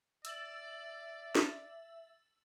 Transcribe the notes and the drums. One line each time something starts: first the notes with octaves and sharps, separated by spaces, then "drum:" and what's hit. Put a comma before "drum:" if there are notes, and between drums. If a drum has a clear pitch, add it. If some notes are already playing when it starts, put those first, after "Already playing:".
D5 E5 E6 A6 F#7, drum: hi-hat
drum: snare